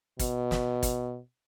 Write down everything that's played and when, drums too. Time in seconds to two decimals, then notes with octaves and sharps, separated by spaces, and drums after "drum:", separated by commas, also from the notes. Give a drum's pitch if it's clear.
0.19 B2, drum: kick, hi-hat
0.51 drum: snare
0.83 drum: kick, hi-hat